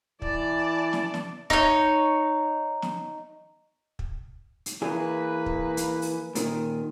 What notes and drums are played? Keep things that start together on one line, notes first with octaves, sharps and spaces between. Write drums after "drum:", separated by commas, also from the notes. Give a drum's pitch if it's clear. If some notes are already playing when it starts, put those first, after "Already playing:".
E3 D5 A5, drum: kick
drum: snare
drum: snare
D#4 C#5, drum: kick
drum: snare
drum: kick
drum: hi-hat
E3 A#3 G#4 B4
drum: kick
drum: hi-hat
drum: open hi-hat
A#2 D#3, drum: hi-hat